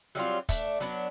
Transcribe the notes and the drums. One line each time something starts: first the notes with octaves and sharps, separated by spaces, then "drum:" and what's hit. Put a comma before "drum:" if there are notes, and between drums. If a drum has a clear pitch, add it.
F#3 G3 C4 F4
A3 D4, drum: kick, hi-hat
F#3 B3 D4